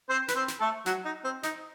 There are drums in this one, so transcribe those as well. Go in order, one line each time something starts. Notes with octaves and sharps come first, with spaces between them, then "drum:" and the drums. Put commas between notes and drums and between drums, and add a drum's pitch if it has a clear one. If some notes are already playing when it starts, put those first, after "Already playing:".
C4 C5
B4, drum: snare
C4 C5
drum: snare
A3 A4
F#3 F#4, drum: snare
D#4
C4
D#4, drum: snare